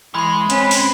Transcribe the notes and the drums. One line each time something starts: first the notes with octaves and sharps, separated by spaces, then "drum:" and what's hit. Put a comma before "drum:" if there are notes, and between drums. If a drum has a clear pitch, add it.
E3 G#3 B5 C6
C4 C#4 B4, drum: hi-hat
drum: open hi-hat